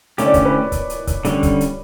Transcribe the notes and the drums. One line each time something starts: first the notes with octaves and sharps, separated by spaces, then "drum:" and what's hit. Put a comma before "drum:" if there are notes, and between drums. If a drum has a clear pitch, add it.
D3 A3 C#4 G4 C#5, drum: hi-hat
D5
C#5, drum: kick C#1, hi-hat
B4
drum: kick C#1, hi-hat
drum: hi-hat
drum: kick C#1, hi-hat
D3 G3 C#4, drum: hi-hat
drum: kick C#1, hi-hat
drum: hi-hat